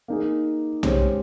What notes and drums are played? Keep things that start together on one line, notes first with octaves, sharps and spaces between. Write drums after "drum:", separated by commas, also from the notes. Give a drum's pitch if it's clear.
A#3 D#4 G#4
G#3 C#4 G4 C5, drum: tom B1